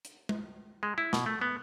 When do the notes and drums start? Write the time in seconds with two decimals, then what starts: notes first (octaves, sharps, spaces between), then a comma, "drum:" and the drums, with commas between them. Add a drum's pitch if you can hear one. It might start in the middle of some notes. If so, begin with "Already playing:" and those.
0.05 drum: hi-hat
0.29 drum: tom G#3
0.83 G#3
0.98 E4
1.13 B2, drum: snare
1.26 A3
1.41 B3